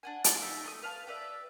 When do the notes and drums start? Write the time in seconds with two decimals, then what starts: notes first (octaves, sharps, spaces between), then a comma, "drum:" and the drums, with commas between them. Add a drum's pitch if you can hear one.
0.03 D4 F#5 G#5
0.24 F4 A5, drum: hi-hat
0.42 D#4 E5
0.64 A3 A5 D#6
0.82 B4 F5 A5
1.07 G4 B4 D5 E5